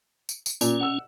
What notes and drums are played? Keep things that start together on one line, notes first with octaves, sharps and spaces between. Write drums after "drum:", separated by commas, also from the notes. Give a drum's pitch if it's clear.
drum: tambourine
drum: tambourine
A#2 C#4, drum: tambourine
F#5 E6